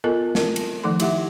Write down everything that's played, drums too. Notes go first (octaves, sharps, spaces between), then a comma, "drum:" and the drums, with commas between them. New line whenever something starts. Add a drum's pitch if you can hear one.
B3 F4 A4 A#4 D#5
C4 A#4, drum: snare
drum: cymbal
D#3 F3 A3 D#4 A4 C6
E4 G4 E5 F#5, drum: cymbal